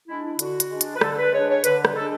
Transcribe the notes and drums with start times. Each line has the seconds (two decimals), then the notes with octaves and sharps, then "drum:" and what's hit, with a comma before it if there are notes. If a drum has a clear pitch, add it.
0.08 G#3 D4 E4
0.23 E4
0.39 D3 F#4, drum: hi-hat
0.60 drum: hi-hat
0.70 G#3 D4
0.81 drum: hi-hat
0.96 B4
1.01 D3 A4, drum: rim click
1.13 A4
1.17 B4
1.32 G#3 D4 C#5
1.49 C#5
1.64 D3 B4, drum: hi-hat
1.85 drum: rim click
1.94 G#3 D4 A4